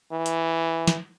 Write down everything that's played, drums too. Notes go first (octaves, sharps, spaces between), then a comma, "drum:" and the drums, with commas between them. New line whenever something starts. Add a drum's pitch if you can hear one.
E3
drum: hi-hat
drum: snare